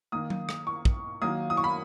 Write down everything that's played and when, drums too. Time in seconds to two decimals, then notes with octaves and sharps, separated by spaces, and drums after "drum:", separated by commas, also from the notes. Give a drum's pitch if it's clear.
0.12 D#3 A#3 D#6
0.30 drum: tom F#3
0.49 drum: rim click
0.67 C#6
0.85 drum: kick
1.22 D#3 F#3 A#3 D#6
1.50 D#6
1.57 C#6
1.64 B5